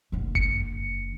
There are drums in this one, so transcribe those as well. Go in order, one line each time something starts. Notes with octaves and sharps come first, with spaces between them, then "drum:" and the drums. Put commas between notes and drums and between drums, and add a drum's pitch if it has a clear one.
F#1 D3
C#7, drum: kick G1